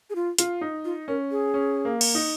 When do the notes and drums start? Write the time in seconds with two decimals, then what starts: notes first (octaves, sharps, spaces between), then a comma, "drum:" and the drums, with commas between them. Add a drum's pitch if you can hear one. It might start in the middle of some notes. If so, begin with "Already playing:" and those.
0.10 G#4
0.15 F4
0.38 F4, drum: hi-hat
0.61 D#4
0.85 F4
1.08 C#4 A#4
1.31 G#4
1.54 C#4
1.85 A#3
2.01 drum: cymbal
2.15 D#4